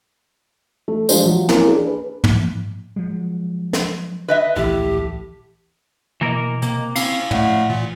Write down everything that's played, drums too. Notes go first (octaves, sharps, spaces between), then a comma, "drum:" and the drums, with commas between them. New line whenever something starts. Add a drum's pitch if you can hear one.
A3
F3 G#3 D4 G4 C5, drum: tambourine
F3 F#3
E3 A#3 C4 C#4 E4, drum: snare
D4 G#4
B4
drum: tom
F3 F#3 G#3
drum: snare
B4 D#5 E5
D1 A#1 A2 E3 G4
B2 E3 A#3 A#4 D#5
C3 A#3, drum: hi-hat
C4 C#4 E4 F5, drum: cymbal
A2 A3 D5 F#5, drum: tom
A#2 E3